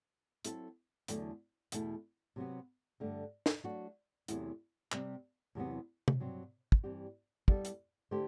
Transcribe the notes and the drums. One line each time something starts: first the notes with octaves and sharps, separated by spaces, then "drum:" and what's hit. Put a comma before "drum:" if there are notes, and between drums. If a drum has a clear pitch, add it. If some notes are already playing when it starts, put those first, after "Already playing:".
F#3 C4 E4 A4, drum: hi-hat
E2 D3 F#3 A3, drum: hi-hat
E2 B2 A3 E4, drum: hi-hat
C3 F#3 B3
G2 D3 A3
drum: snare
F#3 A3 D4 F#4
E2 C3 F#3 A3 E4, drum: hi-hat
C3 G3 C4, drum: clap
E2 C3 F#3 B3
drum: tom C3
G2 F#3 C4
drum: kick
G2 E3 G3 C4 G4
G3 B3 E4 A4, drum: kick
drum: hi-hat
D3 A3 E4 G4 C5